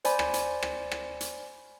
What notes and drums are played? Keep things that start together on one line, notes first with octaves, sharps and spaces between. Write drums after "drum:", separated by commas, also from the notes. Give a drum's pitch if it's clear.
C5 D5 G#5 B5, drum: hi-hat
drum: rim click
drum: hi-hat
drum: rim click
drum: rim click
drum: hi-hat